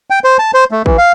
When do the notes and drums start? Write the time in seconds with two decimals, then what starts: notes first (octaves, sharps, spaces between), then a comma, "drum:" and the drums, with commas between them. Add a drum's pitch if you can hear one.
0.10 G5
0.24 C5
0.39 A5
0.54 C5
0.71 A3
0.86 E3, drum: kick
0.98 F5